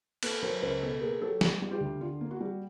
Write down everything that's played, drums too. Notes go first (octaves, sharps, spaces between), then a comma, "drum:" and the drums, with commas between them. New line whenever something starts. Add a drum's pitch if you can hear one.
A#3 A4 B4, drum: cymbal
F#3 A#4 C5
C#2 A#4 C5
B2 A4 B4
A#3 G#4 A#4
F#3 G4 A4
A#3, drum: snare
G3
F4 G4
D2
D3 F4
A#3
F#4
G3